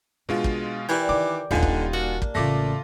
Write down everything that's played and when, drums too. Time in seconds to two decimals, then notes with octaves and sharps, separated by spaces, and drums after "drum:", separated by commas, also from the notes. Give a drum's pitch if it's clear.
0.29 B2 G#3 D4 F4
0.44 drum: kick
0.89 E3 G4 A#4 D5 G6
1.09 D#3 D6
1.51 D#1 G#1 D3 D#4 F4 G4 B4 G#5
1.63 drum: kick
1.93 A#3 D4 F#4
2.22 drum: kick
2.35 A1 C#3 A3 F4 D6 A#6